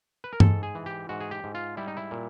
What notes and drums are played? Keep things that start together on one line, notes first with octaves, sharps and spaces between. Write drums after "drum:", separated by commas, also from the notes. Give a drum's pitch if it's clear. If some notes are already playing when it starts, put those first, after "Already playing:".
B4
A#4
G#2 A4, drum: tom G2
G#4
E3
G4
G#2 F#4
G#4
G4
G#2
F4
G3 E4
D#4
E4
A#2